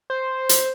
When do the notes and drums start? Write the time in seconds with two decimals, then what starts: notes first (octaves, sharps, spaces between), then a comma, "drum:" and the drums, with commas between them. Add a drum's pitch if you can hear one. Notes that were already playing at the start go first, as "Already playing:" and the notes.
0.10 C5
0.49 drum: hi-hat